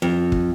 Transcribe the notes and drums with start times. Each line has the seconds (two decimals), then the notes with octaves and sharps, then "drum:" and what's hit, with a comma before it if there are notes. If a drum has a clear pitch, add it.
0.02 F2
0.32 drum: kick